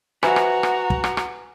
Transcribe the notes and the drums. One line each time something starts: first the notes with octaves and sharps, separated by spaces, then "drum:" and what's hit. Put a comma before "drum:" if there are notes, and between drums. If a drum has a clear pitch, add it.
F#4 B4 C5 E5 G#5 A#5, drum: rim click
drum: rim click
drum: rim click
drum: kick
drum: rim click
drum: rim click